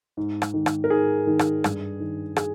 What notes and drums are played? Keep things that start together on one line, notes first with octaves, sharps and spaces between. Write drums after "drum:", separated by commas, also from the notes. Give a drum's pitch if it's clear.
G#2
drum: rim click
D#3
drum: rim click
A#4
G#2 G#4
D#3
drum: rim click
G2, drum: rim click
D#3
G#4, drum: rim click